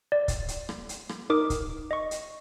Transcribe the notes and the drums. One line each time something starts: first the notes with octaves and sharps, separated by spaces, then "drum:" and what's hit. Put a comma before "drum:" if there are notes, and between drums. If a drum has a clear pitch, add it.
D5
drum: kick C#1, hi-hat
drum: hi-hat
drum: rim click
drum: hi-hat
drum: rim click
D#4 A#4 D6 D#6
drum: kick C#1, hi-hat
D#5 C#6
drum: hi-hat